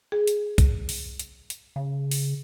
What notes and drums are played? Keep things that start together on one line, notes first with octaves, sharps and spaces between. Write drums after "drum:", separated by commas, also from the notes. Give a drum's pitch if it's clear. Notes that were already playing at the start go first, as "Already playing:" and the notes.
G#4
drum: hi-hat
drum: kick, hi-hat
drum: open hi-hat
drum: hi-hat
drum: hi-hat
C#3
drum: open hi-hat